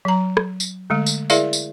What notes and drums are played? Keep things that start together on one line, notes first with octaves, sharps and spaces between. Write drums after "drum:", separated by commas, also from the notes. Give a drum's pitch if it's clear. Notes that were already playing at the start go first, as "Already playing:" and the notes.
F#3 A#5
drum: rim click
drum: tambourine
D3 G#3 A3
drum: tambourine
E4 G#4 A#4 D5 E5 F5, drum: tambourine
drum: tambourine